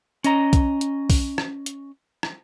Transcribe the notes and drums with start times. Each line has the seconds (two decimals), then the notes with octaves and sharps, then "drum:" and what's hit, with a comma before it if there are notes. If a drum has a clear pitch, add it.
0.24 C#4 D#5 A#5, drum: hi-hat
0.53 drum: kick B1, hi-hat
0.81 drum: hi-hat
1.10 drum: kick B1, open hi-hat
1.38 drum: rim click
1.66 drum: hi-hat
2.23 drum: rim click